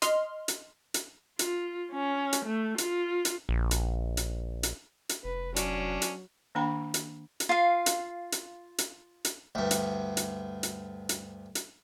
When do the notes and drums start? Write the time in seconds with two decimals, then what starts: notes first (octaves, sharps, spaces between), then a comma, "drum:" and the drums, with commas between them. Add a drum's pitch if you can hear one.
0.02 D#5 C6 F6, drum: hi-hat
0.48 drum: hi-hat
0.94 drum: hi-hat
1.39 F4, drum: hi-hat
1.91 C#4
2.33 drum: hi-hat
2.45 A3
2.78 F4, drum: hi-hat
3.25 drum: hi-hat
3.49 A#1
3.71 drum: hi-hat
4.17 drum: hi-hat
4.63 drum: hi-hat
5.09 drum: hi-hat
5.24 F1 B4
5.56 F#3 C#4 D4, drum: hi-hat
6.02 drum: hi-hat
6.55 D#3 A#3 D4 G5 A#5 B5
6.94 drum: hi-hat
7.40 drum: hi-hat
7.49 F4 F5
7.86 drum: hi-hat
8.32 drum: hi-hat
8.78 drum: hi-hat
9.25 drum: hi-hat
9.55 D2 G2
9.71 drum: hi-hat
10.17 drum: hi-hat
10.63 drum: hi-hat
11.09 drum: hi-hat
11.55 drum: hi-hat